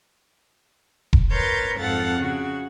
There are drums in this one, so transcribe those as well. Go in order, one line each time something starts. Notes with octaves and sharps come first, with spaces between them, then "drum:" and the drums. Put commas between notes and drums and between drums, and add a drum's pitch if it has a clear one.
drum: kick E1
A#4 B4 C#5 C6 G6 A6
F2 G#2 A4 F5 F#5 A6
C#3 F#4